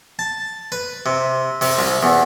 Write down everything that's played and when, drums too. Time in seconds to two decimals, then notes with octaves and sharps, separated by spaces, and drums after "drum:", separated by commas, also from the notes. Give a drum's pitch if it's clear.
0.19 A5
0.72 B4
1.06 C3
1.61 C3, drum: open hi-hat
1.78 C2
2.03 E2